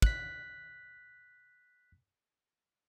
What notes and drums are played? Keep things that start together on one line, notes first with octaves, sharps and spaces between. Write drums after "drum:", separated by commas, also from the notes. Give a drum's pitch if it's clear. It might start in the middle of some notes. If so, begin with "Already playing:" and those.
F#6 B6, drum: kick